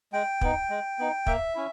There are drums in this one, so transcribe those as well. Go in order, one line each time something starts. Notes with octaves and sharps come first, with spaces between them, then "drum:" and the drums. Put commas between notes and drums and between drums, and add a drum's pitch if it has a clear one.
G#3 G5
B3 D#4, drum: kick
G#3
B3 D#4
A#3 E5, drum: kick
C#4 E4